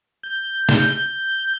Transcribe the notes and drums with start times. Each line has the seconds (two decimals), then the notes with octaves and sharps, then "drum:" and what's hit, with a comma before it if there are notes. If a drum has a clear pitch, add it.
0.23 G6
0.69 drum: snare